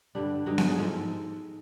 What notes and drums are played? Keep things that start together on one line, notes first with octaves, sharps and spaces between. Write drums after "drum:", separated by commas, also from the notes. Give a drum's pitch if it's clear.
G2 D3 G3 D4
G2 D3 F#3 D#4
D#4, drum: snare B3
G#4
G#2 F3 G#3 A4